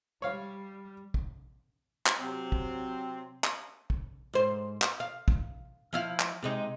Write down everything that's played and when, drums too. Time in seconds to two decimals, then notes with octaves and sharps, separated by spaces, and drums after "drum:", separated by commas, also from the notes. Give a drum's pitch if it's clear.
0.22 G3 C#5 F5
1.14 drum: kick
2.06 drum: clap
2.19 C3 F#3 C4
2.52 drum: kick
3.44 drum: clap
3.90 drum: kick
4.33 G#2 C5
4.82 drum: clap
5.00 F5
5.28 drum: kick
5.93 F3 E4 F5
6.20 drum: clap
6.43 C3 G#3 D#4